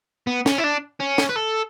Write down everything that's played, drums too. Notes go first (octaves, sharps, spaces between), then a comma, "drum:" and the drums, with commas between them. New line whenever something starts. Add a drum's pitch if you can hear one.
B3
C#4, drum: snare
E4
D4
C#4
drum: snare
B4
A4